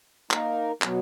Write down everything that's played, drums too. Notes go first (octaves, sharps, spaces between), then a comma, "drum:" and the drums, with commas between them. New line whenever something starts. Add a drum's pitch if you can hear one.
A#3 D#4 A#4, drum: clap
B2 F#3 B3, drum: clap